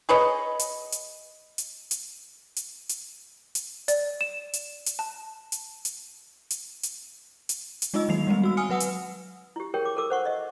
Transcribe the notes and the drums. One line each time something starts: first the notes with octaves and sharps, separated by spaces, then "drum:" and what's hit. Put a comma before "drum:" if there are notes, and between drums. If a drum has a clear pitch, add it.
G#4 B4 C#5 D#5
drum: hi-hat
drum: hi-hat
drum: hi-hat
drum: hi-hat
drum: hi-hat
drum: hi-hat
drum: hi-hat
D5, drum: hi-hat
E7
drum: hi-hat
drum: hi-hat
A5
drum: hi-hat
drum: hi-hat
drum: hi-hat
drum: hi-hat
drum: hi-hat
drum: hi-hat
G#3 D#4 F4 D#5 E6
D#3 F#3 A#3 C7 F7
G3 G#3 B3 C4
F#4 E6
G#5 D#6 F6 C#7
F#3 B4 F#5 D#6 E6
drum: hi-hat
E4 G4
G4 G#4 A#4 C#5 G5
D6
A4 A#4 D6 E6
C5 F#5 C#6
D#5 E5